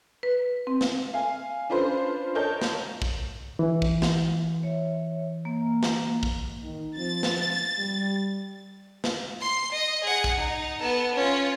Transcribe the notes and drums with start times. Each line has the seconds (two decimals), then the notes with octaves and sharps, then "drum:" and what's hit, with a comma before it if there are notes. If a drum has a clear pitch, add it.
0.23 B4
0.67 C4
0.81 drum: snare
1.14 F5 G#5
1.69 C#4 D4 F4 B4 C5
2.35 A#4 C#5 D#5 A5 G6
2.62 drum: snare
3.02 drum: kick
3.59 E3
3.82 drum: kick
4.02 drum: snare
4.63 C#5 E5
5.45 A#3
5.83 drum: snare
6.23 drum: kick
6.63 D#3
6.97 F3 C4 A6
7.23 drum: snare
7.78 G3
9.04 drum: snare
9.40 C6 C7
9.72 D#5
10.04 G#4 F#5
10.24 drum: kick
10.38 D#4
10.80 B3 A4
11.15 C#4 F4